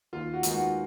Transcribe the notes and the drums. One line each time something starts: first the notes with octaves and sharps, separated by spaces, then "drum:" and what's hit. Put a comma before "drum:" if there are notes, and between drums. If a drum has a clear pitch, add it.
D#2 F4
F#4
D#3 G#3 B3 D#4, drum: hi-hat
F#4